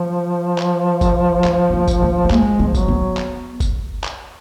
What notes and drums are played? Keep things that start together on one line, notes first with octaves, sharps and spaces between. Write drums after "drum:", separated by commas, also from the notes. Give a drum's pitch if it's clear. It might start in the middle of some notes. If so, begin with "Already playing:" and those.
Already playing: F3
drum: clap
drum: kick G1, tambourine
G#3, drum: clap
B3
A#3
drum: kick G1, tambourine
A#3
B3
G#3 A#3, drum: clap
B3
F3
F#3, drum: kick G1, tambourine
B3
drum: clap
drum: kick G1, tambourine
drum: clap